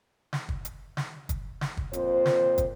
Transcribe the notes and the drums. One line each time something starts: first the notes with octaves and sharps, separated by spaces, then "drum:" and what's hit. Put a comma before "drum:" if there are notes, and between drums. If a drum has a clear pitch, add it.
drum: snare
drum: kick
drum: hi-hat
drum: snare
drum: kick, hi-hat
drum: snare
drum: kick
F2 A#2 C5, drum: hi-hat
drum: snare
drum: kick, hi-hat